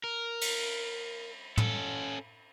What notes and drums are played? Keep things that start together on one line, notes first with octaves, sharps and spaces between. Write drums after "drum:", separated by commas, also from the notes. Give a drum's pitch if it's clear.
A#4
drum: cymbal
C#4 A4, drum: tom